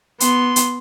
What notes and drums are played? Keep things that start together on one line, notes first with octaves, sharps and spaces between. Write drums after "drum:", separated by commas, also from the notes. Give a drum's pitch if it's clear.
B3 C6, drum: hi-hat
drum: hi-hat